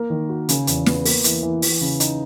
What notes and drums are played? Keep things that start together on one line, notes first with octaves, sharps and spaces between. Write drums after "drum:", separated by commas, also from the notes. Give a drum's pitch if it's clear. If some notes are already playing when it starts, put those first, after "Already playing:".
Already playing: A#3 A#4
D#3
F#4
C#3, drum: hi-hat
E2, drum: hi-hat
B3, drum: snare
A#3, drum: open hi-hat
E3, drum: hi-hat
E3
E3, drum: open hi-hat
C#3
D#4, drum: hi-hat